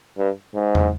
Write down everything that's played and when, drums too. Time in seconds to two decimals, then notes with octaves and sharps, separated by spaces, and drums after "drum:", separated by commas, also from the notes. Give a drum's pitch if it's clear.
0.18 G2
0.55 G#2
0.75 drum: tom E2